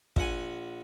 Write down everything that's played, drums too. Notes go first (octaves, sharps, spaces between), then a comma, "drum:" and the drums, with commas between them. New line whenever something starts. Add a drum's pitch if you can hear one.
A#1 F#5 G#5, drum: kick